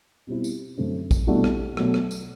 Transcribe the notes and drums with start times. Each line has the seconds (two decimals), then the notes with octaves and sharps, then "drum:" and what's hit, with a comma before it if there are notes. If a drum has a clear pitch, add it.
0.27 B2 G3 C4 E4
0.44 drum: tambourine
0.78 F#2 D3 A3 C4
1.11 drum: kick, tambourine
1.27 C2 B2 A3 D4 F#4
1.44 drum: rim click
1.77 B2 F#3 A3, drum: rim click
1.94 drum: rim click
2.11 drum: tambourine